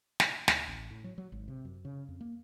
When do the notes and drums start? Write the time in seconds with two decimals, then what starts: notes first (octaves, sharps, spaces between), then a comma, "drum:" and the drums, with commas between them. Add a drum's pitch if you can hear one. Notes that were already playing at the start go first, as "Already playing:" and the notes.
0.20 drum: snare
0.48 D2, drum: snare
0.68 A1
0.91 A2
1.04 F#3
1.18 F#3
1.32 G#1
1.48 C3
1.65 F#2
1.85 C#3
2.08 F2
2.21 A#3